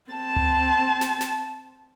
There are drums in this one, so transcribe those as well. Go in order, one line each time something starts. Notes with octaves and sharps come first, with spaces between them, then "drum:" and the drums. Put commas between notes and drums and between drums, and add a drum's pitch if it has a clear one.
C4 A5
drum: tom C#2
drum: snare
drum: snare